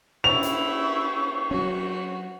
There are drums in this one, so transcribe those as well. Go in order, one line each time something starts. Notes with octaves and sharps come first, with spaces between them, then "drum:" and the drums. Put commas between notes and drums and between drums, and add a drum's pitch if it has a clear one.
E4 C#6 F7, drum: cymbal
drum: hi-hat
F#3 C#4 F#4